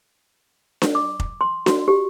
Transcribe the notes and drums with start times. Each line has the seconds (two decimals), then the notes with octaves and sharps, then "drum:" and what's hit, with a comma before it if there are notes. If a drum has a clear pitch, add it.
0.82 drum: snare D4
0.95 D6
1.20 drum: kick F1
1.41 C6
1.66 F#4, drum: snare D4
1.88 G4